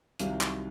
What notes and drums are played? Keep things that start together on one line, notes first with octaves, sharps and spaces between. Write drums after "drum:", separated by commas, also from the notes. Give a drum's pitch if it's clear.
C2 C3 D#3 F#3 F5, drum: hi-hat
drum: clap